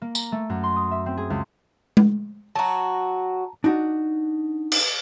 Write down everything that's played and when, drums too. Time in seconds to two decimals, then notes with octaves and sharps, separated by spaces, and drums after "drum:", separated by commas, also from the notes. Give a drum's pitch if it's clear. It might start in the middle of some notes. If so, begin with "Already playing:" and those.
0.02 A#3
0.15 A#5, drum: tambourine
0.32 A3
0.49 F#2
0.63 C6
0.76 D#6
0.91 E5
1.06 C4
1.17 G#4
1.30 C#2
1.97 drum: tom G#3
2.55 F#3 F#4 A5 A#5
3.64 D4 D#4 F#4
4.72 drum: cymbal